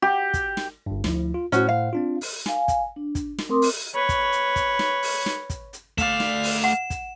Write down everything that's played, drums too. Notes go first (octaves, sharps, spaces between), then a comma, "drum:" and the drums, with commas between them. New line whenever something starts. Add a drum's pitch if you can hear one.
G4
drum: kick, hi-hat
drum: snare
G1 G2
D2 F3 E4, drum: snare
F4
A2 C#4 F#4 C5 F#5, drum: hi-hat
F5
C4 D4 F4
drum: open hi-hat
F5 G#5, drum: snare
drum: kick, hi-hat
D4
drum: kick, hi-hat
drum: snare
A3 C4 A#4 C6 D6 D#6
drum: open hi-hat
B4 C#5
drum: kick, hi-hat
drum: hi-hat
drum: kick, hi-hat
drum: snare
drum: open hi-hat
drum: snare
drum: kick, hi-hat
drum: hi-hat
A3 D5 F5 E7, drum: kick, hi-hat
drum: snare
drum: open hi-hat
F#5
drum: kick, hi-hat